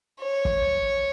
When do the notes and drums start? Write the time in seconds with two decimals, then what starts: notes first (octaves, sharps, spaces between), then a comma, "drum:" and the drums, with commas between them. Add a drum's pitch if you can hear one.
0.21 C#5
0.45 drum: kick